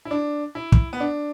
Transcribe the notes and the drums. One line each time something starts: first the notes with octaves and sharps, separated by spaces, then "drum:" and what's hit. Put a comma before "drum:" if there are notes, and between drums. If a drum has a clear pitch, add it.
E4
D4
E4
drum: kick
B3
D4